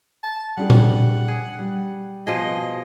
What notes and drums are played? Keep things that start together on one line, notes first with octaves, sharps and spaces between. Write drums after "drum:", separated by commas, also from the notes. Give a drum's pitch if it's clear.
A5
G3 D4 G#4 F#5
drum: tom A#2
G#4
G3
B2 F3 G#4 D#5